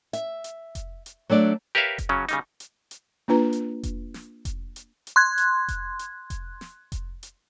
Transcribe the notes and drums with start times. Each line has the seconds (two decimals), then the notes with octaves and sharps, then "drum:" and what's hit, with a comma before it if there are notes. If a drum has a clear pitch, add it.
0.13 E5, drum: hi-hat
0.44 drum: hi-hat
0.75 drum: kick F1, hi-hat
1.06 drum: hi-hat
1.29 F#3 A3 D4 D5
1.75 G4 A#4 B4 C#5 E5 F5
1.98 drum: kick F1, hi-hat
2.09 C#3 F#3 C#4
2.29 C#3 G3 D#4, drum: hi-hat
2.60 drum: hi-hat
2.91 drum: hi-hat
3.28 A#3 D4 F4 B4 A#5
3.53 drum: hi-hat
3.83 drum: kick F1, hi-hat
4.14 drum: snare
4.45 drum: kick F1, hi-hat
4.76 drum: hi-hat
5.07 drum: hi-hat
5.16 C6 F#6 G#6
5.38 drum: hi-hat
5.68 drum: kick F1, hi-hat
5.99 drum: hi-hat
6.30 drum: kick F1, hi-hat
6.61 drum: snare
6.92 drum: kick F1, hi-hat
7.23 drum: hi-hat